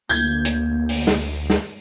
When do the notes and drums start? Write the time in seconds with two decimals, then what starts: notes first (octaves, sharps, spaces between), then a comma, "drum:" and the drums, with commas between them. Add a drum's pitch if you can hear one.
0.09 D2 A#3 G6 G#6, drum: tambourine
0.45 drum: hi-hat
0.89 drum: open hi-hat
1.07 drum: snare
1.50 drum: snare